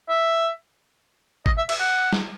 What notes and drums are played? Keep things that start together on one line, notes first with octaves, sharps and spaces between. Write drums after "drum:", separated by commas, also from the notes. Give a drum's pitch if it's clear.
E5
D#5, drum: kick G#1
E5
E5, drum: cymbal
F#5
drum: snare